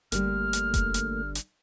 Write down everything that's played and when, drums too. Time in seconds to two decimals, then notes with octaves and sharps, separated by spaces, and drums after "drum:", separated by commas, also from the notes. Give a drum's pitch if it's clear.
0.12 G1 D3 G3 A3 A#3 F6, drum: hi-hat
0.53 drum: hi-hat
0.74 drum: kick F1, hi-hat
0.94 drum: hi-hat
1.35 drum: hi-hat